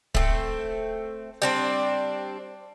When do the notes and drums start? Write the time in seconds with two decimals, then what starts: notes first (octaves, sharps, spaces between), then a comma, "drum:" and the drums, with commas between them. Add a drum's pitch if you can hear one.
0.15 A3 C4, drum: kick
1.42 G3 C4 D4